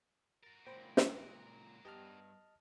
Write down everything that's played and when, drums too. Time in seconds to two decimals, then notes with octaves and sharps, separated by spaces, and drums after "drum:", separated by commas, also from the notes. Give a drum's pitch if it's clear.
0.43 F#4 A#4 A6 A#6
0.67 C#2 A#2 C5 G5 B5
0.97 drum: snare
1.85 G2 B3 G4 D#5 A5 F6